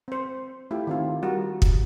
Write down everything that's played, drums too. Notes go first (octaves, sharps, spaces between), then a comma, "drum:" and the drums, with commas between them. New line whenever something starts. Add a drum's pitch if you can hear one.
C4 C5
A3 E4 F4 G4
D#3 C4 F4
G3 F#4 A#4
drum: kick